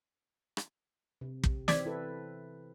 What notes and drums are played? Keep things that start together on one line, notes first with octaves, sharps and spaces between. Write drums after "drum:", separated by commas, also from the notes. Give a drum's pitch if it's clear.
drum: rim click
C3
drum: kick
E3 C4 D5 G#6 B6, drum: snare
E4 A4 B4